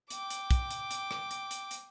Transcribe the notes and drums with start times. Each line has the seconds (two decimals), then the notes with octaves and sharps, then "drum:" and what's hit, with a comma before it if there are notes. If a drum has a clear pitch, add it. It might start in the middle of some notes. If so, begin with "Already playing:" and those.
0.10 G5 D6, drum: hi-hat
0.30 drum: hi-hat
0.51 drum: kick, hi-hat
0.71 drum: hi-hat
0.91 drum: hi-hat
1.11 drum: rim click
1.31 drum: hi-hat
1.51 drum: hi-hat
1.71 drum: hi-hat